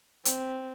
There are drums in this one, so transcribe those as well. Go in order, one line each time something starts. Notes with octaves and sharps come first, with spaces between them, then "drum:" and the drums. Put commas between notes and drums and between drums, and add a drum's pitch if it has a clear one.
C4, drum: hi-hat